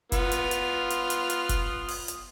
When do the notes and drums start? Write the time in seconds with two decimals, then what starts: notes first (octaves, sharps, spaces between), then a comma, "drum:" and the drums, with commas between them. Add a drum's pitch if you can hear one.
0.12 B3 F4, drum: kick F1, hi-hat
0.32 drum: hi-hat
0.51 drum: hi-hat
0.90 drum: hi-hat
1.10 drum: hi-hat
1.30 drum: hi-hat
1.49 drum: kick F1, hi-hat
1.88 drum: open hi-hat
2.08 drum: hi-hat